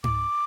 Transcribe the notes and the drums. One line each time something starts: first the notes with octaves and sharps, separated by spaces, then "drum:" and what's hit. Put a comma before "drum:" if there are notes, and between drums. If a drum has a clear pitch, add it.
D6, drum: tom G#2